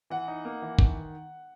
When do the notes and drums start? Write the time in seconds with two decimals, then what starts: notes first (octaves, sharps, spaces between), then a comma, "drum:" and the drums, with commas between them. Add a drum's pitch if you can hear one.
0.10 E3 F#5
0.28 D#4
0.45 A#3
0.62 E3
0.79 D#3, drum: kick